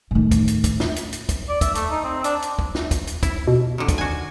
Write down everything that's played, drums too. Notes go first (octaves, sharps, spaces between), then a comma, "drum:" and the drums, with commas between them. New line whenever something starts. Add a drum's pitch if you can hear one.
A2 D#3
drum: kick, hi-hat
drum: hi-hat
drum: kick, hi-hat
drum: snare
drum: hi-hat
drum: hi-hat
drum: kick, hi-hat
D5
E5, drum: kick, hi-hat
A3, drum: hi-hat
D#4
C4
D4, drum: hi-hat
drum: hi-hat
drum: kick
drum: snare
drum: kick, hi-hat
drum: hi-hat
E4, drum: kick, hi-hat
B2
D3 D#3
drum: kick, hi-hat
F#4 G#5